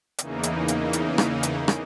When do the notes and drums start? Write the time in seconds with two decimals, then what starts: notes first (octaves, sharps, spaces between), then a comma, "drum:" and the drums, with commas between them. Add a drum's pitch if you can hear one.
0.18 E2 C#3 E3 A#3 D#4, drum: hi-hat
0.43 drum: hi-hat
0.68 drum: hi-hat
0.93 drum: hi-hat
1.18 drum: rim click
1.43 drum: hi-hat
1.68 drum: rim click